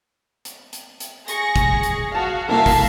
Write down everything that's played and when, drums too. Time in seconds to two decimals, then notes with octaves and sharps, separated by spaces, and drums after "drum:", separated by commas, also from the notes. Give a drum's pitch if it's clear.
0.45 drum: hi-hat
0.73 drum: hi-hat
1.00 drum: hi-hat
1.28 G#4 C#6 A#6, drum: hi-hat
1.56 drum: kick, hi-hat
1.83 drum: hi-hat
2.15 F#4 F5 A5
2.49 C2 A#3 F#4 A4 E5 F5 A5 A#5
2.66 drum: kick, open hi-hat